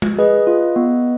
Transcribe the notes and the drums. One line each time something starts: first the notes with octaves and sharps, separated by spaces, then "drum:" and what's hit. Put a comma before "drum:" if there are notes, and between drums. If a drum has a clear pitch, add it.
drum: tom G#3
G#4 B4 D#5
F4
B3